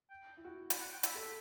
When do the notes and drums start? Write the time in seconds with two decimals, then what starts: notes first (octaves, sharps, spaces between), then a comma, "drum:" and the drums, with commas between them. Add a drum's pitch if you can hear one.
0.10 G5
0.37 E4
0.44 F#4
0.70 drum: hi-hat
0.80 F#5
0.92 G5
1.03 E5, drum: hi-hat
1.15 A4